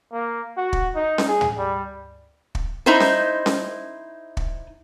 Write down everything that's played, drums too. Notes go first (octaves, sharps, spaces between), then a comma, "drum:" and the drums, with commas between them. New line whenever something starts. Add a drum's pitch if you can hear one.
A#3
F#4
drum: kick
D#4
drum: snare C#4
G#4
drum: tom
G3
drum: kick
D#4 E4 C5
drum: snare C#4
drum: snare C#4
drum: kick